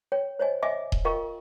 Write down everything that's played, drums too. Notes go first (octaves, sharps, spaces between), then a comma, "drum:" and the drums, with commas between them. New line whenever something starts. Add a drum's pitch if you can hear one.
C#5 G5
C5 C#5 D#5 G#5
D#5 E5 G#5 D6
drum: kick D#1
F4 A#4 D#5 F5 G5 C#6